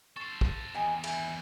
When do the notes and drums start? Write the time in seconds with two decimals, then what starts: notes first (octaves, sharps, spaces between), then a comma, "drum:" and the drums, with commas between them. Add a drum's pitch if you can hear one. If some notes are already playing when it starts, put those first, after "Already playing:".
0.16 A4 C5 C#6
0.41 drum: kick
0.74 E2 D#3 D#4 G4 G#5
1.04 G#4 E5 B5, drum: cymbal